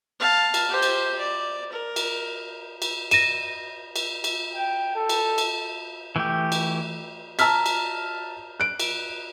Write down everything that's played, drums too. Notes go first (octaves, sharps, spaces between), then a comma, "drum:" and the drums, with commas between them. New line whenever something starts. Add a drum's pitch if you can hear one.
F5 A5
drum: cymbal
G4 C5
drum: cymbal
D5
A#4
drum: cymbal
drum: cymbal
A#6 D#7 E7, drum: cymbal
drum: cymbal
drum: cymbal
G5
A4
drum: cymbal
drum: cymbal
E3 A3 G4
drum: cymbal
A5 A#5 E6 F6 B6, drum: cymbal
drum: cymbal
F#6 D7
drum: cymbal